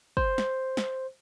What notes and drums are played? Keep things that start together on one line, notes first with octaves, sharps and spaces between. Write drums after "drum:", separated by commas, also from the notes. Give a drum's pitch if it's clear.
C5, drum: kick
drum: snare
drum: snare